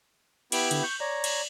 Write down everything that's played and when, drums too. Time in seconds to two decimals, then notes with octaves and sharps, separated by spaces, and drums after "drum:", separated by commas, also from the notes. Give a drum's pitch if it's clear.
0.52 B3 E4 G4 D7, drum: cymbal
0.71 D3, drum: cymbal
0.83 C#6 G6
1.00 C#5 D5 A#5
1.24 drum: cymbal